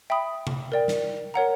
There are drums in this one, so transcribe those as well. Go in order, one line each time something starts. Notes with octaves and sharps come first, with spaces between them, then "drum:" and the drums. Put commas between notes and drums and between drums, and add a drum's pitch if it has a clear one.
E5 G5 B5 D#6
drum: tom C3
A#4 D5 G5
drum: snare
A#4 C#5 F#5 A#5